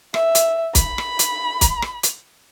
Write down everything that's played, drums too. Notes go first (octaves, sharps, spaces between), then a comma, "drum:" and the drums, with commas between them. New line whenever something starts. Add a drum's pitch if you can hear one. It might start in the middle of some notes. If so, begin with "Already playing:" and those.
E5, drum: rim click
drum: hi-hat
B5, drum: kick, hi-hat
drum: rim click
drum: hi-hat
drum: kick, hi-hat
drum: rim click
drum: hi-hat